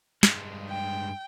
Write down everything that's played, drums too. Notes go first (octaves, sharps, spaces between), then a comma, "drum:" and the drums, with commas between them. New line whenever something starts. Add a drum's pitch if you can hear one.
G2 G#3, drum: snare
G5